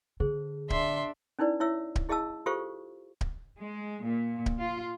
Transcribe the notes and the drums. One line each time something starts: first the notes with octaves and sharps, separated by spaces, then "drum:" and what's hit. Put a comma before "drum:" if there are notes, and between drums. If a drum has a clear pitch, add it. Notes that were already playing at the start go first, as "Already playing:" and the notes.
D3 G#4 C5
D4 E5 C6, drum: kick D1
C#4 D#4 E4 B4 D5
E4 C#5 E5 E6
drum: kick D1
E4 G#4 D#5 F5 A5 E6
F4 G4 A4 C5 F5 C#6
drum: kick D1
G#3
A#2
drum: kick D1
F4